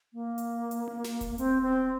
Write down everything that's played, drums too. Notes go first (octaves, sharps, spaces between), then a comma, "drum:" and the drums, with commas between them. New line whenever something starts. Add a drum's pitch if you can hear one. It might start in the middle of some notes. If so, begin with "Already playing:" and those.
A#3
drum: hi-hat
drum: hi-hat
drum: tom A#3
drum: snare
drum: kick D#1, hi-hat
A#3
C4, drum: hi-hat
C4